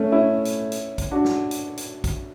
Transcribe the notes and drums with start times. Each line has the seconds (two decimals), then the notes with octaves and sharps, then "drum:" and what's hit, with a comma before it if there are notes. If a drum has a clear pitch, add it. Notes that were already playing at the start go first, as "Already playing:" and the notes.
Already playing: A3 C#4
0.12 C#4 E4
0.45 drum: hi-hat
0.72 drum: hi-hat
0.98 drum: kick A#1, hi-hat
1.11 D4 F#4
1.25 drum: snare
1.51 drum: hi-hat
1.77 drum: hi-hat
2.04 drum: kick A#1, hi-hat